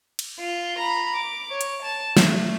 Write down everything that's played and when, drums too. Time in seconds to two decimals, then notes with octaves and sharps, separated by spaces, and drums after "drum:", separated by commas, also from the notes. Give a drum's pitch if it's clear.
0.19 drum: cymbal
0.39 F4
0.79 A#5 B5
1.16 D6
1.50 C#5
1.61 drum: hi-hat
1.83 A5 E7
2.17 A3, drum: snare